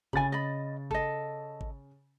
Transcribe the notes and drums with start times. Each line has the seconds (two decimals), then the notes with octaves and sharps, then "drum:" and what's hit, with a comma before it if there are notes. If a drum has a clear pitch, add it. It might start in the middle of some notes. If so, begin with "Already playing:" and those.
0.13 C#3 G#5 B5 A6, drum: kick G#1
0.32 D#5 B5
0.91 A4 D#5, drum: kick G#1
1.61 drum: kick G#1